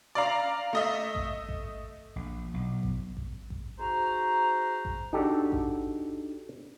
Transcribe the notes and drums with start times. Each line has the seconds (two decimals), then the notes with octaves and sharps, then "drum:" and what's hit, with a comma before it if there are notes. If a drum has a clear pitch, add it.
0.15 D5 F5 A#5
0.73 A3 D#5 E5
1.15 drum: kick A1
1.49 drum: kick A1
2.16 A#1
2.54 B1
2.83 drum: kick A1
3.17 drum: kick A1
3.50 drum: kick A1
3.78 G#2 F#4 C5 A#5
4.85 drum: kick A1
5.13 D4 D#4 F#4 G4 A4
5.52 drum: kick A1